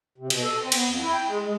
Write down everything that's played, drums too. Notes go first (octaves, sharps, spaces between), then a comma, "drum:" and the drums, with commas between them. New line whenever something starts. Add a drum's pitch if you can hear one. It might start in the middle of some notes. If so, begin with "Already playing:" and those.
C3
B2, drum: cymbal
A4
C4
B3, drum: cymbal
F2
E4
G5
G#3
G#3